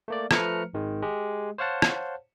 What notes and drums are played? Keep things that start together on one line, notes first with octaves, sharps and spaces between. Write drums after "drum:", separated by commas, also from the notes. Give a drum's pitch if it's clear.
A3 A#3 D5
F3 A3 B4 A#5 F6 C#7, drum: rim click
G#1 D#3 G#3
G#3 G4
C5 C#5 F5 F#5 A5
drum: rim click